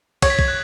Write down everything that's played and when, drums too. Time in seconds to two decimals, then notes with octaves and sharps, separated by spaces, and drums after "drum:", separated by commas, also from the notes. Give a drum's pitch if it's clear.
0.22 C#5 G#6, drum: kick, cymbal
0.30 B6
0.39 G#6, drum: kick
0.48 F#6